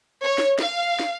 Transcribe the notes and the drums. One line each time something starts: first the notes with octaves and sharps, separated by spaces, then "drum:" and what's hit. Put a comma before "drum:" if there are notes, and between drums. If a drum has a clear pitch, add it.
C#5
drum: snare
F5, drum: snare
drum: snare